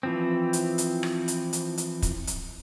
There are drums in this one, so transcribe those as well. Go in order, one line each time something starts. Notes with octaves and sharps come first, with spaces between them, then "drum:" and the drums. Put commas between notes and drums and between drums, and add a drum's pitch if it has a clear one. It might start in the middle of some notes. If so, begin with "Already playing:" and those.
E3 F3 C4
drum: hi-hat
drum: hi-hat
drum: rim click
drum: hi-hat
drum: hi-hat
drum: hi-hat
drum: kick, hi-hat
drum: hi-hat